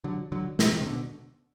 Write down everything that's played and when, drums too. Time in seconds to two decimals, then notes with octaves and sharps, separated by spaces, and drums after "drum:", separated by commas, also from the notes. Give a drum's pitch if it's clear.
0.04 D3 F#3
0.32 D3 F#3
0.59 C3 E3, drum: snare
0.81 C3
0.86 B2 D3